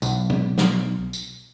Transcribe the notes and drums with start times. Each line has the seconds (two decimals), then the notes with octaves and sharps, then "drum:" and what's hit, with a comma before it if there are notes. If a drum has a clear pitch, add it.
0.02 B1, drum: tambourine
0.30 drum: tom
0.58 drum: snare
1.13 drum: tambourine